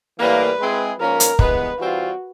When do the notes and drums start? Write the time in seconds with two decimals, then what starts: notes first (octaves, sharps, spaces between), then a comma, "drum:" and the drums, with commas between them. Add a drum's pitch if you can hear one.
0.19 A2 E3 G3 A#3 B4
0.60 G#3 C4 E4 G#4
0.98 G#2 F3 A#3 C#4 A#4
1.20 drum: hi-hat
1.39 G2 E3 G#3 B3 B4, drum: kick
1.79 E3 G3 C4 F4 F#4